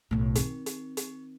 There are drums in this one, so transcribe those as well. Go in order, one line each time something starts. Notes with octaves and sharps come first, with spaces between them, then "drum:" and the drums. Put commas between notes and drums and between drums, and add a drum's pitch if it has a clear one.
B1 A2
D#3 C4, drum: hi-hat
drum: hi-hat
drum: hi-hat